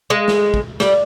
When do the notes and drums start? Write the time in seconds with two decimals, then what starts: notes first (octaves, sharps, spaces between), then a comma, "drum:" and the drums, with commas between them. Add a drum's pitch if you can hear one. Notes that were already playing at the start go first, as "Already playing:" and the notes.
0.10 G#3
0.28 drum: snare
0.54 drum: kick
0.80 G3, drum: snare